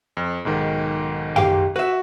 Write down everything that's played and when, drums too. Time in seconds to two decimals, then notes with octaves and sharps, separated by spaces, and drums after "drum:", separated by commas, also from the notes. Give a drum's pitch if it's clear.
0.17 F2
0.45 B1 G#2 D#3
1.36 G4 F5 G5, drum: tom F#2
1.76 F#4 B4 E5